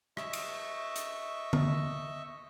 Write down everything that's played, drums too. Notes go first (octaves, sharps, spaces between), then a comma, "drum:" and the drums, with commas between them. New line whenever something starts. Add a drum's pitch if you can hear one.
D#5 E5 C#6, drum: rim click
drum: cymbal
drum: hi-hat
drum: tom D3